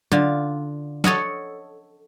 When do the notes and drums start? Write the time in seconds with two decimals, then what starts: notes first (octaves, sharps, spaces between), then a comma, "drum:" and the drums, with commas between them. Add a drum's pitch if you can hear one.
0.12 D3 F4, drum: tom F#3
1.04 A4 C#5 D#5 F#5, drum: snare